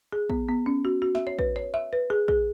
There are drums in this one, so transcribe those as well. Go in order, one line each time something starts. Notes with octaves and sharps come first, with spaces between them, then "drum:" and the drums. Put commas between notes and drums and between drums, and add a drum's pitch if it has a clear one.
G#4
B3, drum: kick
B3
C#4
F#4
F#4
E5, drum: snare
C#5
B4, drum: kick
C#5
E5
B4
G#4
G#4, drum: kick